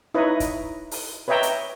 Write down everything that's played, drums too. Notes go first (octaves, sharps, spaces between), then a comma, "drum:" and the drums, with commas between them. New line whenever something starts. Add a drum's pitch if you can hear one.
D#4 E4 B4 C#5 D#5
drum: kick, hi-hat
drum: open hi-hat
B4 C#5 D#5 E5 G5 A#5
drum: hi-hat